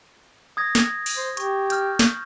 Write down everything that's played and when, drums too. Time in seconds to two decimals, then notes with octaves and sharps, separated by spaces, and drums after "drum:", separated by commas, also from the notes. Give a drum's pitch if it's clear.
0.57 D#6 G#6 A#6
0.75 drum: snare
1.06 drum: open hi-hat
1.17 C5
1.37 G4 C#6, drum: hi-hat
1.70 F6 G6, drum: hi-hat
1.99 drum: snare